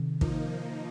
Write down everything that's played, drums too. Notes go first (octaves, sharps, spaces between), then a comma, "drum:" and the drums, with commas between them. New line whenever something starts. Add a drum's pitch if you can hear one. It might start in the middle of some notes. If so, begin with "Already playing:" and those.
Already playing: C3 D#3
F3 A#3 D#4, drum: kick